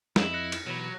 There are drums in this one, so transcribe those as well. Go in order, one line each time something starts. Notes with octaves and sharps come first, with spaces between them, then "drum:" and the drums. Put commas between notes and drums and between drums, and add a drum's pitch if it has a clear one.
F2 E4 D#5, drum: snare
F#6 A#6 C#7
drum: cymbal
B2 E3 F#3 B5